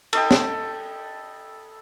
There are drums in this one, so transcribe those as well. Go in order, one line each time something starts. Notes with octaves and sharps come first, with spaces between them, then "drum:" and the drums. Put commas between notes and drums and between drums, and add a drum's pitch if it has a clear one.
A4 D#5 G5, drum: cymbal
drum: snare